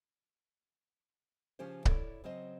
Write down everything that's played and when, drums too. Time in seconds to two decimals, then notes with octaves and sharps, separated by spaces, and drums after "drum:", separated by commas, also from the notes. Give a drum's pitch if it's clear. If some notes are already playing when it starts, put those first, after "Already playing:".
1.59 C#3 F3 C#4 G4 C5
1.85 E4 A4 C#5 D5, drum: kick C#1
2.24 C#3 F#3 C4 C5 D#5